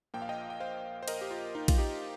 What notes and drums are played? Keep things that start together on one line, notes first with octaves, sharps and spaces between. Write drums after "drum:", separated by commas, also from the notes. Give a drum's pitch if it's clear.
A#1 A#2 F3 A#3 G5
F5
D#5 G5
G5
C5 F5
C5
A#4 D#5, drum: cymbal
G4
F4
D#4
F4, drum: kick A#1, cymbal
D#4 G4